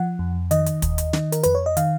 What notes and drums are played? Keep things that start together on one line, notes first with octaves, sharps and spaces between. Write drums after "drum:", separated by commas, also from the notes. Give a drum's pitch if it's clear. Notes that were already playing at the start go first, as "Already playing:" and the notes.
Already playing: F3 F#5
F2
D#3 D#5, drum: hi-hat
drum: hi-hat
D#2, drum: kick, hi-hat
drum: hi-hat
D#3, drum: snare
A#4, drum: hi-hat
F2 B4, drum: hi-hat
C#5
D#5
D#3 F5, drum: hi-hat